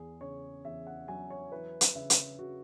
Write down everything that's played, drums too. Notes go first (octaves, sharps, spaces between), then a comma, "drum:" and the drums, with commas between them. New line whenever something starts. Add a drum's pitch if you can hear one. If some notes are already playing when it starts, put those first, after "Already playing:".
Already playing: E2 G#4
C#3 C#5
E2 E5
F#5
F#3 G#5
C#5
E3 B4
drum: hi-hat
C#3 E5
drum: hi-hat
C#3 F#4